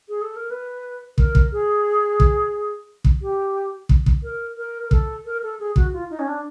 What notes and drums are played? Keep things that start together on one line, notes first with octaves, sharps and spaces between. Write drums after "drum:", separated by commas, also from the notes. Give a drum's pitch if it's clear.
G#4
A4
A#4
B4
A#4, drum: kick
drum: kick
G#4
drum: kick
drum: kick
G4
drum: kick
drum: kick
A#4
A#4
A#4
A4, drum: kick
A#4
A4
G#4
F#4, drum: kick
F4
D#4
C#4
D4